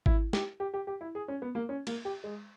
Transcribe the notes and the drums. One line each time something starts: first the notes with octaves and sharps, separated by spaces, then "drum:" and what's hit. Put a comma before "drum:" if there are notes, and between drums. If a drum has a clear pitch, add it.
E4, drum: kick G#1
G4, drum: snare
G4
G4
G4
E4
G#4
C#4
B3
A#3
C#4
A#3, drum: cymbal
G4
G#3